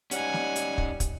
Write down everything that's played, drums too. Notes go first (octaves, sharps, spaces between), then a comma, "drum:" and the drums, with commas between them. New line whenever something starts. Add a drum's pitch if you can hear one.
G3 C#4 D#4 F#5 G#5, drum: hi-hat
drum: snare
drum: hi-hat
drum: kick
drum: kick, hi-hat